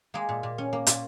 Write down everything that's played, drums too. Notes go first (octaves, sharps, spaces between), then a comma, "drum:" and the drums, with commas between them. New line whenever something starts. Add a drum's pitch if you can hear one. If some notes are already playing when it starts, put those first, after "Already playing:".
G#3 A#3 G#4
A#2
A#2
C#4
A#3
A#2, drum: hi-hat